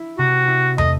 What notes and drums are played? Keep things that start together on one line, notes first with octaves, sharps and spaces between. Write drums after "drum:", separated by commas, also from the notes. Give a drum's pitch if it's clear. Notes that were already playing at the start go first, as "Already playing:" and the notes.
Already playing: E4
C3 F#4
E4
A3 D#5, drum: tom